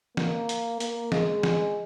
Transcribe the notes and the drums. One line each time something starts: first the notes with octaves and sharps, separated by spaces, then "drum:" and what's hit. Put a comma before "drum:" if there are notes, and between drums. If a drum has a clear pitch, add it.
A#3, drum: snare
drum: hi-hat
A#3, drum: hi-hat
G#3, drum: snare
drum: snare